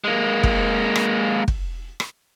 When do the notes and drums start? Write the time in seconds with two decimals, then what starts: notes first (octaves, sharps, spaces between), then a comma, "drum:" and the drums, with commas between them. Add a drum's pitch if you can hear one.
0.04 G#3 A#3
0.43 drum: kick
0.96 drum: rim click
1.48 drum: kick
2.00 drum: rim click